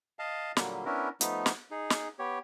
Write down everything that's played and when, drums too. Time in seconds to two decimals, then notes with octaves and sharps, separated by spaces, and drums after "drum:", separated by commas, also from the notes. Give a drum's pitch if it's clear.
0.19 D#5 F5 A5
0.57 A#2 D3 F#3 G3 A#3, drum: snare
0.85 B3 C#4 D4 E4 A#4
1.21 F3 A3 B3 D#4, drum: hi-hat
1.46 drum: snare
1.71 D#4 G#4
1.90 drum: snare
2.19 B3 G4 C#5